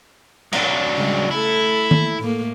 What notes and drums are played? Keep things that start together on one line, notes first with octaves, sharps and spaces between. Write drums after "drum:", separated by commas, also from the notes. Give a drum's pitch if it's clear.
F#3 D4, drum: cymbal
C#3 G3 G#3
A3 E4 A4
drum: tom D#3
A2 A3 A#3